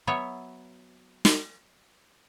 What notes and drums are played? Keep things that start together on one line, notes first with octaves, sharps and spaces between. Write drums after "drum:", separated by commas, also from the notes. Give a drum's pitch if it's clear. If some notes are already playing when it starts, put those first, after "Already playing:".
F#3 B3 C#5 E5
drum: snare